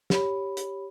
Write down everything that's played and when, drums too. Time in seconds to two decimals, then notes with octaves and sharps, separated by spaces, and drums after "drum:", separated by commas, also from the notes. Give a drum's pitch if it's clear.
0.10 G4 C#5 B5, drum: snare
0.57 drum: hi-hat